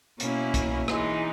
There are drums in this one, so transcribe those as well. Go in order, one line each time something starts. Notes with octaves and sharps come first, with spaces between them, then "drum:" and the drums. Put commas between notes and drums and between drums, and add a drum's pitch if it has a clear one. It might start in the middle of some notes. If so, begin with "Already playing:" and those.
B2 A#3 C#4 E4, drum: hi-hat
drum: kick, hi-hat
E3 G#3 D#4, drum: rim click